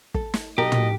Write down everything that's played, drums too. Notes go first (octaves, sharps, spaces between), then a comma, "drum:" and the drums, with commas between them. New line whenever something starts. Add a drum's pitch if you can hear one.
A4, drum: kick
drum: snare
B1 G4 A#4 D#5
drum: tom